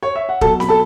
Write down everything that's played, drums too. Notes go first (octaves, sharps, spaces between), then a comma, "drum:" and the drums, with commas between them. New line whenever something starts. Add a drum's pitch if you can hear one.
C#5
E5
F#5
B2 F#3 A4 A5, drum: kick
B5, drum: snare C4
A4 A5